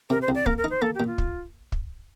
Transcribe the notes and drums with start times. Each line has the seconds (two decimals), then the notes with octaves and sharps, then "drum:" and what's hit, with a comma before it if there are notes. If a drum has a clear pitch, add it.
0.10 C3 A#4
0.22 C5
0.28 C2
0.35 D5
0.46 A#3 A#4, drum: kick
0.58 A#4
0.64 D#4
0.70 C5
0.82 A#3 A4
0.95 G4
1.00 A#2
1.07 F4
1.18 drum: kick
1.72 drum: kick